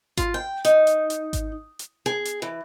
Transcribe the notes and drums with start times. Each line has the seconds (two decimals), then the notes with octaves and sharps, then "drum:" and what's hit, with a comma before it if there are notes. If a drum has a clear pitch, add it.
0.17 F4, drum: kick G#1, hi-hat
0.34 G5
0.65 D#4, drum: hi-hat
0.87 drum: hi-hat
1.10 drum: hi-hat
1.33 drum: kick G#1, hi-hat
1.79 drum: hi-hat
2.06 G#4
2.25 drum: hi-hat
2.42 E3